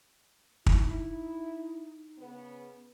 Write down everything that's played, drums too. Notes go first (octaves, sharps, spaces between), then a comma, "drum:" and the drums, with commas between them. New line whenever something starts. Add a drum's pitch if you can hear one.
D#4 E4, drum: kick
C#3 B3